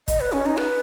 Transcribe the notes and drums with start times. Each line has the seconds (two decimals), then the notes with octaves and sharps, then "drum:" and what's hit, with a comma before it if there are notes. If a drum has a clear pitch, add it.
0.08 D#5, drum: kick, hi-hat
0.20 B4
0.32 C#4
0.46 D#4
0.57 B4, drum: rim click